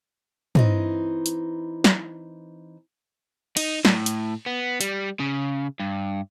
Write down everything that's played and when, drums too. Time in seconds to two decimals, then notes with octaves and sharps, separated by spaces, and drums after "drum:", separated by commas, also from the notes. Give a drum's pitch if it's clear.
0.55 E3 C4 D#4, drum: tom
1.26 drum: hi-hat
1.84 drum: snare
3.57 D#4, drum: cymbal
3.85 A2, drum: snare
4.06 drum: hi-hat
4.46 B3
4.81 G3, drum: hi-hat
5.20 C#3
5.80 G2